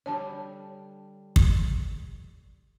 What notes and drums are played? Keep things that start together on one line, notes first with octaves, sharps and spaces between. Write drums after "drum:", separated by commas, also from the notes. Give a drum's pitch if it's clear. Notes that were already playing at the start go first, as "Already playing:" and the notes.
D3 G3 C#5 A5
drum: kick